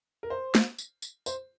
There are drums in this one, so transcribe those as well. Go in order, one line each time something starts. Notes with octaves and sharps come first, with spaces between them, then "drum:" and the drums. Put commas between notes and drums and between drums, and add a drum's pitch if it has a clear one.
A#4
C5
drum: snare
drum: tambourine
drum: tambourine
C5, drum: tambourine